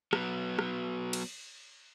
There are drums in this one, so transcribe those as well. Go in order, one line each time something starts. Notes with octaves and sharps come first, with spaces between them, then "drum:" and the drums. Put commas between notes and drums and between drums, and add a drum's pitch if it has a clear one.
F#3 B3, drum: rim click
drum: rim click
drum: cymbal